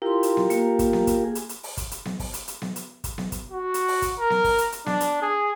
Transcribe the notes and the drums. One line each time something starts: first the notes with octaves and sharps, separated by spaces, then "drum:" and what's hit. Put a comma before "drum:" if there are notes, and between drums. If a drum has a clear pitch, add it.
E4 F4 G4 A#4 C6
drum: hi-hat
drum: snare B3
A#3, drum: hi-hat
drum: kick, hi-hat
drum: snare B3
drum: kick, hi-hat
G#4
drum: hi-hat
drum: hi-hat
drum: open hi-hat
drum: kick, hi-hat
drum: hi-hat
drum: snare B3
drum: kick, open hi-hat
drum: hi-hat
drum: hi-hat
drum: snare B3
drum: hi-hat
drum: kick, hi-hat
drum: snare B3
drum: kick, hi-hat
F#4
drum: hi-hat
drum: open hi-hat
drum: kick, hi-hat
A#4
drum: snare B3
drum: kick, open hi-hat
drum: hi-hat
drum: hi-hat
D4, drum: snare B3
drum: hi-hat
G#4